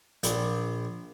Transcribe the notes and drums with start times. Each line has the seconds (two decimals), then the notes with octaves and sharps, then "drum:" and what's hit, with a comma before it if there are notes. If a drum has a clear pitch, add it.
0.23 A#1, drum: hi-hat